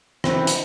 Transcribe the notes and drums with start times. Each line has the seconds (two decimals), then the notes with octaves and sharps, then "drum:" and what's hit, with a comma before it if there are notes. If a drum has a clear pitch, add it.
0.24 E3 C4, drum: rim click
0.47 drum: hi-hat